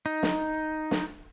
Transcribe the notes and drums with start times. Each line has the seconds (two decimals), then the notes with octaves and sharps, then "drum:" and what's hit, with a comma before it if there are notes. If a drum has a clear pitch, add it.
0.06 D#4
0.23 drum: snare
0.91 drum: snare